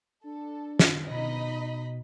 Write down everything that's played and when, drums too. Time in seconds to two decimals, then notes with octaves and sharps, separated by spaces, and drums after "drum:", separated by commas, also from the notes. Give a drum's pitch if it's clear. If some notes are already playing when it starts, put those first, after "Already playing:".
0.24 D4 A4
0.79 drum: snare
1.09 B2 D#4 D#5 B5